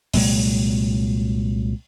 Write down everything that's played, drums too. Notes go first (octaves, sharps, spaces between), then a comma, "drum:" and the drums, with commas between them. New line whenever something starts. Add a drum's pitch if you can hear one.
C2 A#2 F#3 G#3, drum: open hi-hat